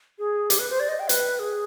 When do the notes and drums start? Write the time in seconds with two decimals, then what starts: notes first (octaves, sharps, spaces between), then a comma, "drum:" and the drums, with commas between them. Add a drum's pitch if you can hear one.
0.19 G#4
0.50 G4, drum: hi-hat
0.59 B4
0.70 C5
0.80 D5
0.89 D#5
1.00 G5
1.09 B4, drum: hi-hat
1.39 G#4